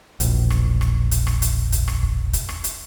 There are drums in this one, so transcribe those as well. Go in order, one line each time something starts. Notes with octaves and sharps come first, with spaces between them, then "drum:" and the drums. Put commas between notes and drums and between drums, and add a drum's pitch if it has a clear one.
E1 A#1, drum: hi-hat
drum: rim click
drum: rim click
drum: hi-hat
drum: rim click
drum: hi-hat
drum: kick, hi-hat
drum: rim click
drum: kick
drum: kick, hi-hat
drum: rim click
drum: hi-hat